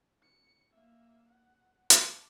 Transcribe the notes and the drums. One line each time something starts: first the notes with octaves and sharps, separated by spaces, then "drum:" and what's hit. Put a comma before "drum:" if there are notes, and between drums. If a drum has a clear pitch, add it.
C#7
A#3 E5
F#5
A5 D6, drum: hi-hat